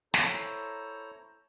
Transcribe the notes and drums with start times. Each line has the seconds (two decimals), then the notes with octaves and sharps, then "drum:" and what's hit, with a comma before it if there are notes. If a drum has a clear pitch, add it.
0.14 E4 A4 C5 C#5 A#5, drum: snare